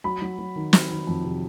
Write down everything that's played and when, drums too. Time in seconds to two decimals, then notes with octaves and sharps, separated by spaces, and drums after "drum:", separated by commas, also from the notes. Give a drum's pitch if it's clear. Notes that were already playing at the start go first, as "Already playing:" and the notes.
0.04 F#3 B5
0.22 F#3
0.39 F#3
0.56 D#3
0.73 F#3, drum: snare
0.90 D#3
1.07 F2
1.24 C3